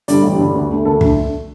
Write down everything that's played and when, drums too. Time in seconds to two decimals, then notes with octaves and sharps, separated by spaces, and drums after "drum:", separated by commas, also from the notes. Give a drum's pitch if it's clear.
0.08 G2 D3 G3 D5, drum: hi-hat
0.23 A1
0.38 G2 D3 G3
0.54 D2
0.70 D3 A3
0.85 D2 A4
1.01 D3 A3, drum: kick